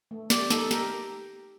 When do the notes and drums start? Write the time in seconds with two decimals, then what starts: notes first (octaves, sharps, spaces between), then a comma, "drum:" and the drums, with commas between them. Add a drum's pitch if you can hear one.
0.11 A3
0.30 G4 D5, drum: snare
0.50 D#4 A4, drum: snare
0.71 G4 A#4, drum: snare